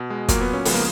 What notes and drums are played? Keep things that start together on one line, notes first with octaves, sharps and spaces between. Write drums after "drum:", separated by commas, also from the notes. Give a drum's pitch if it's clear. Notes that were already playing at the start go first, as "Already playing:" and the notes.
Already playing: B2
G#3
A#2 F#3 A#3, drum: kick, hi-hat
B3
C#4
C#3 F3 G#3 B3, drum: open hi-hat
A#3